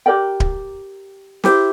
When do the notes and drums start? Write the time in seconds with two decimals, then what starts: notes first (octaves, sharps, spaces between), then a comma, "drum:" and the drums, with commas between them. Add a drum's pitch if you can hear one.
0.06 G4 A#4 D5 G5
0.40 drum: kick D1
1.44 E4 G4 C5, drum: snare